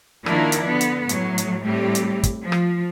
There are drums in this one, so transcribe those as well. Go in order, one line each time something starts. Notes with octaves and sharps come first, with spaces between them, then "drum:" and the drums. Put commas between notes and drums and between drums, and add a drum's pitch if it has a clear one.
D#3 F3 A#3 D4 E4, drum: rim click
drum: hi-hat
D3 B3
drum: hi-hat
A2 F#3, drum: hi-hat
drum: hi-hat
A2 G3 C4 G4
drum: hi-hat
drum: kick, hi-hat
F3
drum: rim click